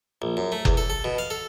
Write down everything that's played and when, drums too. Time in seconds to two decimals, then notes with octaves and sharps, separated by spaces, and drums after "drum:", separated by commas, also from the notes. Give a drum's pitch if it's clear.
0.22 A#1
0.37 F#2
0.52 A3
0.65 E2, drum: kick F#1
0.77 A4
0.90 A4
1.04 B2
1.18 F5
1.30 A4